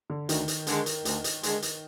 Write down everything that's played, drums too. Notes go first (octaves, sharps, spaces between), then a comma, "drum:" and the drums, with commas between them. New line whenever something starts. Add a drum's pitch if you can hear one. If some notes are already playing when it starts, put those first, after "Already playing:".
D3
D2 D#3, drum: hi-hat
drum: hi-hat
D3 G#3, drum: hi-hat
drum: hi-hat
D2, drum: hi-hat
drum: hi-hat
D3 G#3, drum: hi-hat
drum: hi-hat